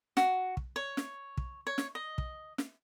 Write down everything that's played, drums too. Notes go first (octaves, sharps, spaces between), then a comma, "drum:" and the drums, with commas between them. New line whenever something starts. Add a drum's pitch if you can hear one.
F#4, drum: snare
drum: kick
C#5
drum: snare
drum: kick
C#5
drum: snare
D#5
drum: kick
drum: snare